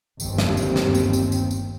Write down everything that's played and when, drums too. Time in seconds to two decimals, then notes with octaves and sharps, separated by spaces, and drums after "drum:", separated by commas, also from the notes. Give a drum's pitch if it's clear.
0.20 G1 D#2 C4, drum: tambourine
0.38 drum: snare
0.57 drum: tambourine
0.76 drum: snare
0.95 drum: tambourine
1.13 drum: tambourine
1.32 drum: tambourine
1.51 drum: tambourine